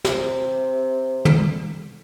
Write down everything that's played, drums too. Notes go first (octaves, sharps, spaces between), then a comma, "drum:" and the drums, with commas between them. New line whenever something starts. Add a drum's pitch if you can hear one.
C3, drum: snare
drum: tom